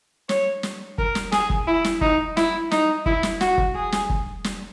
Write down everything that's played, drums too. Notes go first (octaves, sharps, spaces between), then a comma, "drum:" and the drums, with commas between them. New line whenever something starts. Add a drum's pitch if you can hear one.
C#5, drum: snare
drum: snare
A#4, drum: kick
drum: snare
G#4, drum: snare
drum: kick
E4
drum: snare
D#4, drum: kick
E4, drum: snare
D#4, drum: snare
E4, drum: kick
drum: snare
F#4, drum: snare
drum: kick
G#4
drum: snare
drum: kick
drum: snare